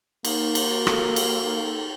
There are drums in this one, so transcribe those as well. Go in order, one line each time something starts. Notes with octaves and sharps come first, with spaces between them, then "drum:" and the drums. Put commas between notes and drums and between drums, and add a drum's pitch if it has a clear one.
A#3 D#4, drum: cymbal
drum: cymbal
F#4
A4, drum: rim click
drum: cymbal
D#4